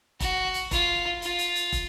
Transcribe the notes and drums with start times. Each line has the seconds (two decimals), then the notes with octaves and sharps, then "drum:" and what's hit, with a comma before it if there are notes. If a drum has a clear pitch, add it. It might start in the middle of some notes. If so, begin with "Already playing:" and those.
0.20 F#4, drum: kick, hi-hat
0.54 drum: hi-hat
0.71 F4, drum: kick, hi-hat
1.22 F4, drum: hi-hat
1.39 drum: hi-hat
1.56 drum: hi-hat
1.72 drum: kick, hi-hat